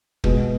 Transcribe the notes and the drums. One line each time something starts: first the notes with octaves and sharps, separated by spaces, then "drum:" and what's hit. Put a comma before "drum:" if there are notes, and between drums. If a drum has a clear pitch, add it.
B2 G#3 B3, drum: kick